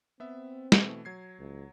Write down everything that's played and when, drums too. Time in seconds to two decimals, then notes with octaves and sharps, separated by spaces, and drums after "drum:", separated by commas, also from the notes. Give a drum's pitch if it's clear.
0.20 B3 C4 E5
0.72 B2 E3 A3, drum: snare
1.05 F#3 G#6 C7
1.39 C#2